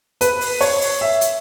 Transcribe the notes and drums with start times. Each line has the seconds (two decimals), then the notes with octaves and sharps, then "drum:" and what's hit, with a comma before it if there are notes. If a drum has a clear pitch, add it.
0.21 B4, drum: hi-hat
0.41 drum: open hi-hat
0.61 C#5, drum: open hi-hat
0.81 drum: open hi-hat
1.01 E5
1.21 drum: hi-hat